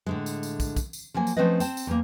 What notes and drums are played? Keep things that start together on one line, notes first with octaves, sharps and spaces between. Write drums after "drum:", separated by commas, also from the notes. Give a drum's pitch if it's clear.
A2 D3 G#3
drum: tambourine
drum: tambourine
drum: kick, tambourine
drum: kick, tambourine
drum: tambourine
F3 F#3 A#3 G#5
drum: tambourine
F3 A3 C4 C#4 B4 D#5
C4 A5, drum: tambourine
drum: tambourine
E2 A#3